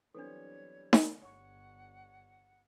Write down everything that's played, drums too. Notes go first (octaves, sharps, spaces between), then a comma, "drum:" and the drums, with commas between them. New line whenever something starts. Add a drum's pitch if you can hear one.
E3 F#3 G3 B3 C4 D4 A4 C#5
drum: snare D#4
G1 C#5 F#5 C#6